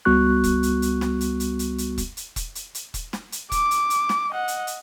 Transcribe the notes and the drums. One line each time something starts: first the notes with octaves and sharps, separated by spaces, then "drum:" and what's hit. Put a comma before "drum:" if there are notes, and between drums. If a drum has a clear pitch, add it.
C#2 G3 B3 F#4 C#6 F#6
drum: kick E1, hi-hat
drum: hi-hat
drum: hi-hat
drum: snare
drum: hi-hat
drum: hi-hat
drum: hi-hat
drum: hi-hat
drum: kick E1, hi-hat
drum: hi-hat
drum: kick E1, hi-hat
drum: hi-hat
drum: hi-hat
drum: kick E1, hi-hat
drum: snare
drum: hi-hat
D6, drum: kick E1, hi-hat
drum: hi-hat
drum: hi-hat
drum: snare
D#5 F#5
drum: hi-hat
drum: hi-hat